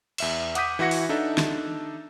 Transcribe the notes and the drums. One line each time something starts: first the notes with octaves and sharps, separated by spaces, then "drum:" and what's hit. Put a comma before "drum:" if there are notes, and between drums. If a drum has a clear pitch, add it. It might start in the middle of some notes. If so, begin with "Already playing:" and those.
E2 E5 E7, drum: cymbal
F#5 D6 D#6 G6 B6 D#7, drum: hi-hat
E3 E4 F#4 F#5 A#6 C#7
drum: open hi-hat
D4 D#4 A4 E5
drum: snare